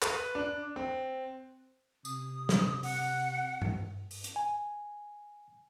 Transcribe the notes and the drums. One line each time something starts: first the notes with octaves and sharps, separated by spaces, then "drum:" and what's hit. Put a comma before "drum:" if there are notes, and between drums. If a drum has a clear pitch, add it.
B4, drum: clap
D4
C4
C3 D#6, drum: tambourine
drum: snare
F#5, drum: open hi-hat
drum: tom G2
drum: open hi-hat
drum: hi-hat
G#5